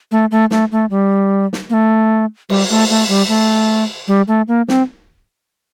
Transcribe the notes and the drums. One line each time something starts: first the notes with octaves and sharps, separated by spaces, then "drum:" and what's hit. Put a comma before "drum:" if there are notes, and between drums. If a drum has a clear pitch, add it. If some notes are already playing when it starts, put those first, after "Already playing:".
A3
A3
A3, drum: snare
A3
G3
drum: snare
A#3
A3
G3, drum: cymbal
A3, drum: cymbal
A3
G3
A3
G3
A3
A#3
C4, drum: snare